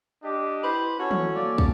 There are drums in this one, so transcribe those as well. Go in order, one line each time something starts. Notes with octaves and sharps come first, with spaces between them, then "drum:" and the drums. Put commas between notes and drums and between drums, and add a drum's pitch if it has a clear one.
D4 G4 D#5
E4 B4 C5
C#4 F#4 A4 C#5
drum: tom
A#3 D5 F5
drum: kick